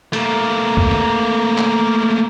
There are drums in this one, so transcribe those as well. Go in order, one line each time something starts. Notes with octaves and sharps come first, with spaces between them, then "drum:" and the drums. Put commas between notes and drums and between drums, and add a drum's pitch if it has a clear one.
A3 A#3, drum: hi-hat
drum: kick
drum: snare
drum: clap